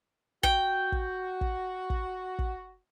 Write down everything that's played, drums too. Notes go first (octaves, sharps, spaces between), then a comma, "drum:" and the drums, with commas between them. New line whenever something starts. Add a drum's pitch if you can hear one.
F#4 G5, drum: kick
drum: kick
drum: kick
drum: kick
drum: kick